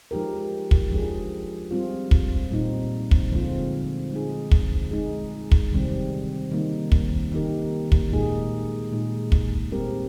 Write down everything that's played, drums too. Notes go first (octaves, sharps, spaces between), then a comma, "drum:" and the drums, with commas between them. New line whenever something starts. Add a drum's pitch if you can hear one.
F3 G#3 D#4 G4 A#4
drum: kick
F3 G#3 D4 G#4
G3 C4 F4
drum: kick
A#2 G3 C4 D#4
drum: kick
D3 F3 G#3 C4 F4
G#3 D#4 G#4
drum: kick
G#3 D#4 G#4
drum: kick
C3 D#3 G3 C4
D#3 G3 A#3 D#4
drum: kick
D#3 A#3 D#4 G4 A#4
drum: kick
A#2 G#3 D#4 G#4
A#2 G#3 D#4
drum: kick
G3 C4 G4 A#4